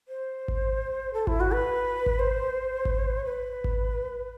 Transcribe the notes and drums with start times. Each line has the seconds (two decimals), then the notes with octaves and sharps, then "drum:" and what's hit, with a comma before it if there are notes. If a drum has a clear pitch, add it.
0.08 C5
0.48 drum: kick G#1
1.14 A4
1.27 E4, drum: kick G#1
1.40 F#4
1.53 B4
2.06 drum: kick G#1
2.19 C5
2.85 drum: kick G#1
3.25 B4
3.64 drum: kick G#1